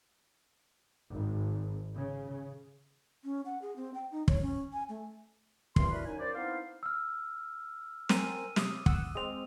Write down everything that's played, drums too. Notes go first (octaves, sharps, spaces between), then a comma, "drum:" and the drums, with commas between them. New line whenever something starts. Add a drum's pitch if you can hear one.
G#1
C#3
C#4
F#5
G#4
C4
G5
D#4
C#5, drum: kick
C#4
G#5
A3
G2 E3 C4 A#4 C6, drum: kick
D4 E4 F#4 A#4 B4 B5
F#2 D#4 G#5
F#2 C5 D5
B3 C4 D#4 E4 C5 F5
E6 F6
C4 A#4 G#5 D#7, drum: snare
C3 D6 D#6, drum: snare
F#5 E6, drum: kick
G#3 C4 D#6 F7